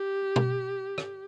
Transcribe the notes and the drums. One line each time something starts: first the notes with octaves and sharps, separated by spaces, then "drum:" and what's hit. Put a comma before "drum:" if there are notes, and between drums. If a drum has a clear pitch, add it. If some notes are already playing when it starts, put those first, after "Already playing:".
Already playing: G4
drum: tom B2
drum: rim click